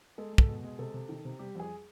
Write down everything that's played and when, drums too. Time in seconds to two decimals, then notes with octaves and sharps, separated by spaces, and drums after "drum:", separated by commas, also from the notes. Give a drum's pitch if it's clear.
0.18 G#3 A4
0.33 G#3
0.38 A4, drum: kick
0.48 B2
0.64 G#3
0.79 C3 A4
0.94 C3
1.09 D#3
1.25 C3
1.39 G3 G4
1.55 F2 G#4